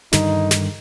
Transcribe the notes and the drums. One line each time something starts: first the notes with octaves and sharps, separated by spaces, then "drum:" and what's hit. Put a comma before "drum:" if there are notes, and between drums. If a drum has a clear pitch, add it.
G2 D3 D#3 D#4, drum: snare
drum: snare